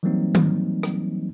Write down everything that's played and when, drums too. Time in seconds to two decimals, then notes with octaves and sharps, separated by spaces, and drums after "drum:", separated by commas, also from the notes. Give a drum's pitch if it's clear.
0.03 E3 F#3 G3 A#3 C4 D#4
0.35 drum: tom D#3
0.83 drum: rim click